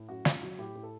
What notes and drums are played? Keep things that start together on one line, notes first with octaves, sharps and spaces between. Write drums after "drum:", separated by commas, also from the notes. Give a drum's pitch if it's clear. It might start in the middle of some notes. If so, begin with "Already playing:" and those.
Already playing: A2
F#2 F#4
F#2 F4, drum: snare
F#3 F#4
A2 G4
A2
A4